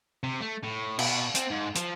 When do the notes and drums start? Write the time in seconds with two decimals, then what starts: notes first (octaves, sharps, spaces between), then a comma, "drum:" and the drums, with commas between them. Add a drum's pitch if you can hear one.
0.23 C3
0.41 A3
0.63 A2
0.99 B2, drum: cymbal
1.35 C4, drum: hi-hat
1.50 G#2
1.76 F3, drum: hi-hat